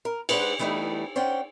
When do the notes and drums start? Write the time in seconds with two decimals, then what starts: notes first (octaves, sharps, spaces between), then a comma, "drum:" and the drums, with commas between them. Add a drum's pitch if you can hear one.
0.05 A#4
0.29 G#3 B4 C5 D5 F#5, drum: cymbal
0.59 D3 E3 G3 A3 B3 D#4
1.16 C#4 C5 D5 F#5 G5